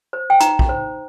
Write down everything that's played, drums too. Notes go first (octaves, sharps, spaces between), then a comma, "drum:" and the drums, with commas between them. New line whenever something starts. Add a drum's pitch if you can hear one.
C5
G5
D#4 A#5, drum: hi-hat
drum: kick
C5